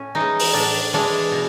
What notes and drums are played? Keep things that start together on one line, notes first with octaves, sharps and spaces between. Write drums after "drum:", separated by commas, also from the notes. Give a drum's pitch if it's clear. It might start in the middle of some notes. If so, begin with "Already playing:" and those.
Already playing: A2 C#4
E3 D#4
G#3
drum: open hi-hat
A2 D4
E3 G#3 D4
B2